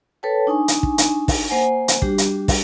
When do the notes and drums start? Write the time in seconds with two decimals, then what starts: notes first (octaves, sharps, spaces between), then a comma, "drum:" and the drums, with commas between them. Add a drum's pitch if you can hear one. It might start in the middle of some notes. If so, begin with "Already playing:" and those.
0.23 A4 B4 C#5 G5 A5
0.47 D4 D#4 G#5 C#6
0.68 drum: hi-hat
0.83 drum: kick
0.98 drum: hi-hat
1.28 drum: kick, open hi-hat
1.49 A#3 C5 F#5 G#5
1.88 drum: hi-hat
2.02 G3 D4 F#4 G4, drum: kick
2.18 drum: hi-hat
2.48 drum: kick, open hi-hat